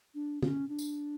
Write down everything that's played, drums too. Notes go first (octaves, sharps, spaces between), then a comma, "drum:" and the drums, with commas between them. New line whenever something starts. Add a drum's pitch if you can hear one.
D4
C#4, drum: tom
D4
drum: tambourine